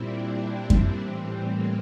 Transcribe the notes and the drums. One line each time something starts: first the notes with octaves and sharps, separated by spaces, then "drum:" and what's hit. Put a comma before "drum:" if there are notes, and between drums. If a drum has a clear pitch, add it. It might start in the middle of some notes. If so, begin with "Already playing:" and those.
Already playing: A#2 G3 C4 E4
D4
drum: kick F#2
A2 E3 G3 C4
A#3